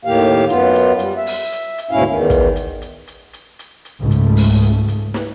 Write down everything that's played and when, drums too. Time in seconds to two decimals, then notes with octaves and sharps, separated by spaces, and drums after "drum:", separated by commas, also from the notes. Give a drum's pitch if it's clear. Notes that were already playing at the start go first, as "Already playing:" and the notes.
0.05 D#2 A2 D#3 A#3 G4 F5
0.49 F#2 B3 F4, drum: hi-hat
0.75 drum: hi-hat
0.99 G3, drum: hi-hat
1.17 E5
1.27 drum: open hi-hat
1.52 drum: hi-hat
1.78 drum: hi-hat
1.91 D2 G#2 B2 C#4 E4 F5
2.08 E2 D#3
2.30 drum: kick, hi-hat
2.56 drum: hi-hat
2.82 drum: hi-hat
3.07 drum: hi-hat
3.33 drum: hi-hat
3.59 drum: hi-hat
3.85 drum: hi-hat
3.99 C#2 G#2 C#3 A3
4.11 drum: hi-hat
4.37 drum: open hi-hat
4.63 drum: hi-hat
4.88 drum: hi-hat
5.14 drum: snare